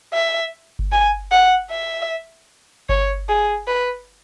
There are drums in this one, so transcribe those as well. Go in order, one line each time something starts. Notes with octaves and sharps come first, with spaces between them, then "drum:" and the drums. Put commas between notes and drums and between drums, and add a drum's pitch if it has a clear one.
E5
drum: kick G1
G#5
F#5
E5
C#5, drum: kick G1
G#4
B4